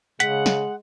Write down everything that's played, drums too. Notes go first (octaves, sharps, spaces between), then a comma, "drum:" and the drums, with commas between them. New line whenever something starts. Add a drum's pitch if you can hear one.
C#3 G#3 F#5 B6, drum: hi-hat
drum: snare